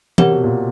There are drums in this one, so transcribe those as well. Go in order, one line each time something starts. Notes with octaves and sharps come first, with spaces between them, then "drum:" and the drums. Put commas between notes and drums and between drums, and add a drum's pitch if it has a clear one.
C3 G4 A#4 C#5 F#5, drum: tom E3
B2
A#2